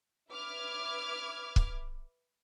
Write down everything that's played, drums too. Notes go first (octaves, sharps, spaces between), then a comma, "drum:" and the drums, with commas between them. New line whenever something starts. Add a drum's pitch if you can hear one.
B4 E5 D6 F6 G#6
drum: kick